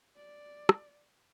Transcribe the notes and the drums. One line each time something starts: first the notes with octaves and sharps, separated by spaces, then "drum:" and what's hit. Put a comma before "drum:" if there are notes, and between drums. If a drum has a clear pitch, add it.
D5
drum: rim click